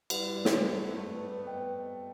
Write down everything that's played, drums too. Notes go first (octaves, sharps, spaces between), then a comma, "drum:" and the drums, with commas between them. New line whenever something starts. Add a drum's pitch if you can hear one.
G3 E4 G4 B4 F#5, drum: cymbal
G3
A3, drum: snare
C4
C4
A3
B3
B3
B4 D#5 G5